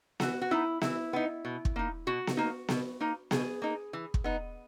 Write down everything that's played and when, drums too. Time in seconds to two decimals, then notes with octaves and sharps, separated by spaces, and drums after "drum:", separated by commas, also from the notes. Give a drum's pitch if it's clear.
0.20 E3 F#4, drum: snare B3
0.42 F#4
0.51 B3 D#4 E4
0.81 E3 E4, drum: snare B3
1.13 B3 D#4
1.45 B2
1.65 drum: kick
1.76 A#3 D#4
2.07 B2 F#4
2.27 drum: snare B3
2.37 A#3 D#4
2.69 B2, drum: snare B3
3.00 A#3 D#4
3.31 B2 G#4, drum: snare B3
3.62 A#3 D#4
3.93 E3
4.14 drum: kick
4.24 B3 D#4